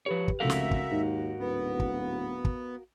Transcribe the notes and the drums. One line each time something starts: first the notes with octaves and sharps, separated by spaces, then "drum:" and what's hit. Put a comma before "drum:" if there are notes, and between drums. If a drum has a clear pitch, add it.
F3 G4 B4 C#5
drum: kick
F1 C#2 F#4 A4 A#4 E5 F5
drum: snare
drum: kick
D#2 G#2
D1 B3
drum: kick
drum: kick